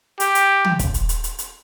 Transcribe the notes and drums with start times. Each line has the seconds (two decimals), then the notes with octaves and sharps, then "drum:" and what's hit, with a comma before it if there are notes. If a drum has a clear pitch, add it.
0.20 G4, drum: hi-hat
0.35 drum: hi-hat
0.65 drum: tom
0.79 drum: kick, hi-hat
0.94 drum: hi-hat
1.09 drum: hi-hat
1.24 drum: hi-hat
1.39 drum: hi-hat